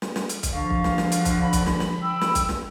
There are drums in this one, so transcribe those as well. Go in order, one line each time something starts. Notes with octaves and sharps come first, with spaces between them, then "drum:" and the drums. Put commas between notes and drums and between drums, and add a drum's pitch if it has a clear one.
drum: snare
drum: snare
drum: hi-hat
drum: kick B1, hi-hat
D3 F3 F5 C#6
drum: kick B1
drum: snare
drum: snare
F#4, drum: hi-hat
drum: kick B1, hi-hat
B5
drum: kick B1, hi-hat
drum: snare
drum: snare
G5 E6
drum: snare
drum: kick B1, hi-hat
drum: snare